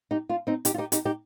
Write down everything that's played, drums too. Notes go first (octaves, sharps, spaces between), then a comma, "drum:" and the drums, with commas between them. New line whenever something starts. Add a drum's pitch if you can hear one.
D#4 G4
D4 F4
C4 D#4
D#4 G4, drum: hi-hat
F4
D#4 G4
D#4 G4, drum: hi-hat
D#4 G4